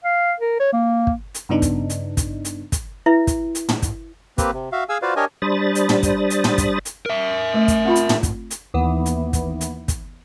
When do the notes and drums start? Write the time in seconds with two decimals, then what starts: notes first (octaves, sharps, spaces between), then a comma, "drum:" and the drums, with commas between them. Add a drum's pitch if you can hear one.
0.04 F5
0.40 A#4
0.60 C#5
0.73 A#3
1.07 drum: kick
1.34 drum: hi-hat
1.49 G2 C#3 B3 D4 D#4
1.62 drum: kick, hi-hat
1.90 drum: hi-hat
2.17 drum: kick, hi-hat
2.45 drum: hi-hat
2.72 drum: kick, hi-hat
3.06 E4 B4 E5
3.27 drum: kick, hi-hat
3.55 drum: hi-hat
3.69 drum: tom
3.82 drum: kick, hi-hat
4.38 A#3 C4 G4 B4, drum: kick, hi-hat
4.53 C3
4.72 F#4 E5 F5
4.89 G#4 F5 G#5 E6
5.02 F4 F#4 B4 C5 D5 F5
5.16 D4 G4 A#4 C#5 D#5 G#5
5.42 G3 D4 C5 B5 D#6 A6
5.75 drum: hi-hat
5.89 drum: tom
6.03 drum: kick, hi-hat
6.30 drum: hi-hat
6.44 drum: tom
6.58 drum: kick, hi-hat
6.85 drum: hi-hat
7.06 A#4 E5
7.54 A3
7.68 drum: kick, hi-hat
7.85 C4 F4 B5
7.95 drum: hi-hat
8.09 drum: tom
8.23 drum: kick, hi-hat
8.51 drum: hi-hat
8.74 D#2 E3 B3
9.06 drum: hi-hat
9.33 drum: kick, hi-hat
9.61 drum: hi-hat
9.88 drum: kick, hi-hat